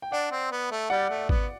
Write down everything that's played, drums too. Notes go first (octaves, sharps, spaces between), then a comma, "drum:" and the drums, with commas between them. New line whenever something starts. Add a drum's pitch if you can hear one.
G5
D4 D5 F#5
C4
B3
A3
G3 D5 F#5
A3
B3, drum: kick G#1